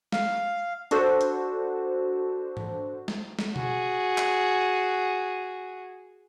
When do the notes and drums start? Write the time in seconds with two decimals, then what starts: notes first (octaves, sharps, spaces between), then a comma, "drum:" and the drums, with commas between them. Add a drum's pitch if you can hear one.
0.12 F5, drum: snare
0.91 D4 F#4 A4 C5, drum: hi-hat
1.21 drum: hi-hat
2.57 drum: tom
3.08 drum: snare
3.39 drum: snare
3.56 F#4 G#4, drum: tom B2
4.18 drum: clap